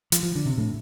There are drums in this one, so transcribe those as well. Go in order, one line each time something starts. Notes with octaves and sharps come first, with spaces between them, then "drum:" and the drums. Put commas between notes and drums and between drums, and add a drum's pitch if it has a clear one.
F3, drum: hi-hat
F3
D3
C3
A2